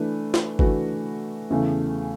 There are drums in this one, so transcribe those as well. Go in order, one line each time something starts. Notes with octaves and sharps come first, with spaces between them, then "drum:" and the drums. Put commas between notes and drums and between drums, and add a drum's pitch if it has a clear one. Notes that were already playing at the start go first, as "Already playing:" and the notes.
Already playing: E3 A3 D4 B4
drum: snare
E3 A3 D4 F#4 B4, drum: kick
E2 C#3 E3 A3